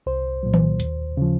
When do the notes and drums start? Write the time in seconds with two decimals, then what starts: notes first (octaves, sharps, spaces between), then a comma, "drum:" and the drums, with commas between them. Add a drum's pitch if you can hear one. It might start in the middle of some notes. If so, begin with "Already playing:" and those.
0.06 C2 C5
0.43 A#2 F#3
0.54 drum: tom D#3
0.80 D#2, drum: hi-hat
1.17 C#3 F3